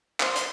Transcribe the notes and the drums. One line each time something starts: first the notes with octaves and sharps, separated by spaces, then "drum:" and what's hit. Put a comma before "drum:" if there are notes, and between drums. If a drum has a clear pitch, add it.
C5, drum: clap
drum: hi-hat